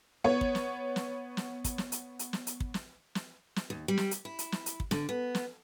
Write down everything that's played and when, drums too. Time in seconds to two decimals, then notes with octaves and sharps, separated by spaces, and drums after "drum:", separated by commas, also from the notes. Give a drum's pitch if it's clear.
0.24 B3 C#5
0.41 drum: kick
0.55 drum: snare
0.96 drum: snare
1.37 drum: snare
1.64 drum: kick, hi-hat
1.78 drum: snare
1.92 drum: hi-hat
2.19 drum: hi-hat
2.33 drum: snare
2.47 drum: hi-hat
2.60 drum: kick
2.74 drum: snare
3.15 drum: snare
3.56 drum: snare
3.70 D#2
3.88 G3
3.97 drum: snare
4.11 drum: hi-hat
4.25 E4
4.39 drum: hi-hat
4.52 drum: snare
4.66 drum: hi-hat
4.80 drum: kick
4.91 D3, drum: snare
5.09 B3
5.35 drum: snare